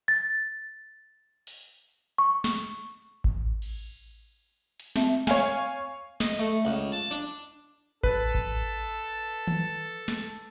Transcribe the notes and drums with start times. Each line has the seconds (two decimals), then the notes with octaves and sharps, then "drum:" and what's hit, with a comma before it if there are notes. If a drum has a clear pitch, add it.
0.08 A6
1.47 drum: open hi-hat
2.18 C#6
2.44 drum: snare
3.24 drum: kick A1
3.62 drum: cymbal
4.80 drum: hi-hat
4.96 C4 E5, drum: snare
5.27 C#5 F5 G#5, drum: snare
6.20 D#5, drum: snare
6.39 A3
6.65 C#2
6.92 A5
7.11 D4
8.03 A4 B4, drum: kick A1
8.34 drum: kick A1
9.47 drum: tom D#3
10.08 drum: snare